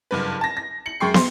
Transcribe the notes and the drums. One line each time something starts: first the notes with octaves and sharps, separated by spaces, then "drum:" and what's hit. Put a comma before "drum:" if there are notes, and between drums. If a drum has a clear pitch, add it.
F#1 G2 B4
A5 A#6
A#6
C#7 F#7
F#2 G#3 G5 C#6 C7
C6, drum: snare